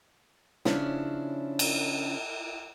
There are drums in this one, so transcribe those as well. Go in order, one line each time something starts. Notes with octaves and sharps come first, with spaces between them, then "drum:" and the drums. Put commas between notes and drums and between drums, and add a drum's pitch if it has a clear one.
C#3 F3 C#4 D4 E4, drum: snare
drum: cymbal